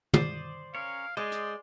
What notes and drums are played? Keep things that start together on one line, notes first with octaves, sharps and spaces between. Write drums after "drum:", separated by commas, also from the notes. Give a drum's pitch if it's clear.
C5 D5 D#6, drum: tom
C#4 A#4 C#5 F5
G#3 C5 D5 D#5
drum: hi-hat